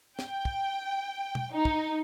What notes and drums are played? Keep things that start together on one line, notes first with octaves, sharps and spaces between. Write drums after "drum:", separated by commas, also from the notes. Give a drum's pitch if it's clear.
G5, drum: snare
drum: kick
drum: tom B2
D#4
drum: kick